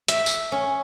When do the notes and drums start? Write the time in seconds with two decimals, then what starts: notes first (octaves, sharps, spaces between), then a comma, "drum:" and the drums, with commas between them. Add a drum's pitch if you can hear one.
0.08 E5, drum: hi-hat
0.26 drum: tambourine
0.52 C#4